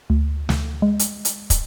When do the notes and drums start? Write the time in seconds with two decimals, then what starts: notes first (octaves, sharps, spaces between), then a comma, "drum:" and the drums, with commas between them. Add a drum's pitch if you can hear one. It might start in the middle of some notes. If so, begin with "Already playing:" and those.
0.10 D2
0.49 D2, drum: snare
0.82 G#3
0.99 drum: hi-hat
1.25 drum: hi-hat
1.50 drum: kick, hi-hat